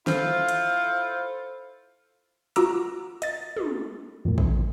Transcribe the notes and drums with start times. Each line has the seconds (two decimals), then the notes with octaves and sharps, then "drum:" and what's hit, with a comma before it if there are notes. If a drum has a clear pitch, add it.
0.07 E4 F4 A4 C5, drum: snare
0.49 drum: hi-hat
2.56 F4 F#4 A#5 D6 E6, drum: hi-hat
3.22 D#5 A6, drum: hi-hat
3.57 drum: tom
4.25 F2 A#2
4.38 drum: kick